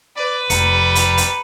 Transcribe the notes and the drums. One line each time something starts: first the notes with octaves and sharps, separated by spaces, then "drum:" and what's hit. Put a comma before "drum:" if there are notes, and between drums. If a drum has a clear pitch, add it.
B4 D5
F1 G3 A#5 C#7, drum: hi-hat
A#5 B5, drum: hi-hat
drum: hi-hat